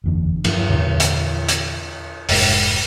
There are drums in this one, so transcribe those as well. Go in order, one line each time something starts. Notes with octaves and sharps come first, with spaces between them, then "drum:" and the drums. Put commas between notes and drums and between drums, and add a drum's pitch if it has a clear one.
F#1 E2 D3
G2 F3 D4, drum: cymbal
E2 A#2 D3
drum: hi-hat
drum: hi-hat
F1 G#2, drum: open hi-hat